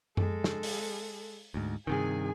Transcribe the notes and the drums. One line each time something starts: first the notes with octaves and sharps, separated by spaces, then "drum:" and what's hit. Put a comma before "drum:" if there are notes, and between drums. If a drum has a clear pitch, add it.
G#3 A4, drum: tom F#2
drum: snare
drum: open hi-hat
D2 G#2
G2 C3 D#3 G#4 G#5